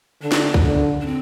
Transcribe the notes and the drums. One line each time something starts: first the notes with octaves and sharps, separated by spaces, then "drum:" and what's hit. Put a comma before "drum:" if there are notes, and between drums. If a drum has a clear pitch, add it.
D3 D4
drum: snare
drum: kick
D3
D4
C4